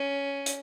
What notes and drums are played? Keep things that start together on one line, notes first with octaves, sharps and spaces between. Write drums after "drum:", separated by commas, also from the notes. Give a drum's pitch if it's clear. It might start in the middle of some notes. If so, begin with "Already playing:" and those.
Already playing: C#4
drum: hi-hat